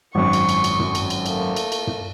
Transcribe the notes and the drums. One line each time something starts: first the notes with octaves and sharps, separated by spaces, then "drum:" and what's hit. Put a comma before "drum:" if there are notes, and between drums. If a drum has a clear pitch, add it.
G#1 F#2 C#6
drum: cymbal
drum: cymbal
drum: cymbal
drum: tom
drum: cymbal
drum: cymbal
A3 A#3, drum: cymbal
drum: cymbal
drum: cymbal
drum: tom